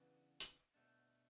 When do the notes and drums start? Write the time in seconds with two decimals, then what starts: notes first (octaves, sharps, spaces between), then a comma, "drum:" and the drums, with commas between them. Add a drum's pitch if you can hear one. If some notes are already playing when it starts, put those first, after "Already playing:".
Already playing: C#3 E3 B3 D4 F#4
0.40 drum: hi-hat
0.74 B2 A3 D4